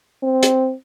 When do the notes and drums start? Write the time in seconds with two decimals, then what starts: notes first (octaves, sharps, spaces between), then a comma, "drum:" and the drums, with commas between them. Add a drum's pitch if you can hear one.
0.23 C4
0.43 drum: hi-hat